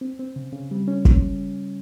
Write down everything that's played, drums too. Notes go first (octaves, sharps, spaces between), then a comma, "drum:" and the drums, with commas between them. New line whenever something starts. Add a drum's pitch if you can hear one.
C4
C4
C#3
C#3
G3
C#4
drum: kick